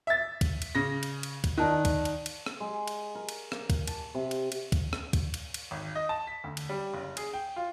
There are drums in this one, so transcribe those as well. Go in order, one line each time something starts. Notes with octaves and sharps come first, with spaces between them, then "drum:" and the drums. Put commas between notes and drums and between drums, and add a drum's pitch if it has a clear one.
E5 A6
drum: kick, cymbal
drum: cymbal
C#3 A#6
drum: cymbal
drum: cymbal
drum: kick, cymbal
D#3 D5 A5 F#6
drum: kick, cymbal
drum: cymbal
drum: cymbal
drum: rim click
G#3
drum: cymbal
A#4
drum: cymbal
A#3, drum: rim click
drum: kick, cymbal
A5, drum: cymbal
C3
drum: cymbal
drum: cymbal
drum: kick, cymbal
drum: rim click
drum: kick, cymbal
drum: cymbal
drum: cymbal
G#1
D#5
A5
B6
D2
drum: cymbal
G3
F#1
G#4, drum: cymbal
G5
F4